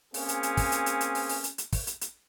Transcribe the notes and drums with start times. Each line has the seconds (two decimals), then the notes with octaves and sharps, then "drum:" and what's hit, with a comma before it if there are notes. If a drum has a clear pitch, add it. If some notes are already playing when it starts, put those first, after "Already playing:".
0.14 A#3 C4 C#4 G#4, drum: open hi-hat
0.29 drum: hi-hat
0.43 drum: hi-hat
0.57 drum: kick, open hi-hat
0.72 drum: hi-hat
0.86 drum: hi-hat
1.01 drum: hi-hat
1.15 drum: open hi-hat
1.29 drum: open hi-hat
1.44 drum: hi-hat
1.58 drum: hi-hat
1.73 drum: kick, open hi-hat
1.87 drum: hi-hat
2.01 drum: hi-hat